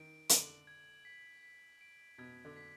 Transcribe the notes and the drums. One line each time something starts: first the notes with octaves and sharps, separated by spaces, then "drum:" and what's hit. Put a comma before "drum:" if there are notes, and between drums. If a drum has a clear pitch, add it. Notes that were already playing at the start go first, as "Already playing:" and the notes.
Already playing: D#3 D7
D3 F#7, drum: hi-hat
G#6
B6
B6
D7
B2 G#6
D3
B6